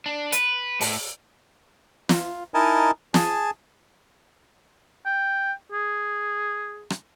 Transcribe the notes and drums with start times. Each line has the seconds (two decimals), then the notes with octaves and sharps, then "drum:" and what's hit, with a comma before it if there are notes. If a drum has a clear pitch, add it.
0.06 D4
0.32 B4, drum: hi-hat
0.81 A2, drum: open hi-hat
2.09 F4, drum: snare
2.54 D#4 E4 A#4 D#5 G#5 A5
3.14 G#4 G#5 A5, drum: snare
5.06 G5
5.72 G#4
6.90 drum: rim click